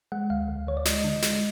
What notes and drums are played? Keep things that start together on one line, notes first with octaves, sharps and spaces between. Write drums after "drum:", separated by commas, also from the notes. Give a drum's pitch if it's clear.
G#3 F#5
D2 F5
D2
D2 C#5
D5
G#3 D#5, drum: snare
D3
G#3, drum: snare